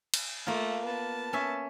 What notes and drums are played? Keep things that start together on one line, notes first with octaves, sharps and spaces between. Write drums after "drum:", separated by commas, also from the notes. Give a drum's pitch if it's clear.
drum: cymbal
A3 A#3 F4
B3 A5
C#4 C#5 E5